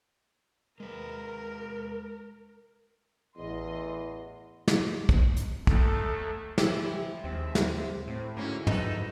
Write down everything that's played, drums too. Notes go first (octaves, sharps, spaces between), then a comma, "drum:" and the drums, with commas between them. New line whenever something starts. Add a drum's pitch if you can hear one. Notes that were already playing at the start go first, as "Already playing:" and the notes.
G#3 A#4 B4
A1 E2 D#5 C6
drum: snare
drum: kick
drum: hi-hat
D#2 A3 A4, drum: kick
E3 F3 E4 G4, drum: snare
D#2 G#3 C4 E5
drum: snare
A2 A3 C4
G#2 D3 A#3 C#4 E4 F#4
D#4 A4 B4, drum: tom